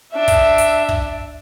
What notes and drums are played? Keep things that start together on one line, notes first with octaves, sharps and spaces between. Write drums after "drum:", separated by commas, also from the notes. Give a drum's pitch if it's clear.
D4 E5
drum: kick, hi-hat
drum: hi-hat
drum: kick